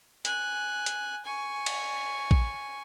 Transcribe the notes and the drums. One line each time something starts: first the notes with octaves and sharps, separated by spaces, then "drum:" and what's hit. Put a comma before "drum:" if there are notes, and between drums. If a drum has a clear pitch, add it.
G#5 F#6, drum: hi-hat
drum: hi-hat
G#5 C#6
drum: cymbal
drum: kick A#1